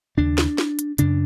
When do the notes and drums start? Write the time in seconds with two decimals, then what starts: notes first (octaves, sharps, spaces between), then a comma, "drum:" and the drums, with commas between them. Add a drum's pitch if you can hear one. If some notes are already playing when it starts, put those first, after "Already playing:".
0.17 D#2 C#3 D4
0.38 drum: snare
0.58 drum: snare
0.79 drum: hi-hat
0.98 F#2 C#3 D4, drum: hi-hat